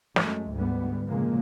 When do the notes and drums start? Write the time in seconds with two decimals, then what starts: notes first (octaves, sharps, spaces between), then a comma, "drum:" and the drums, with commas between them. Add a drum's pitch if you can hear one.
0.16 F#2 G#3 A3, drum: snare
0.52 D2 G#2 G3 B3
1.07 A#2 C#3 F3 G#3 A#3